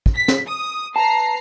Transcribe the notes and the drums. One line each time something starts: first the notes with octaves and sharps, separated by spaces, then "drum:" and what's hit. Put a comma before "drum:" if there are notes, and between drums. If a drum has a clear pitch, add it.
drum: kick
B6
drum: snare
D#6
B4 A5 A#5 C7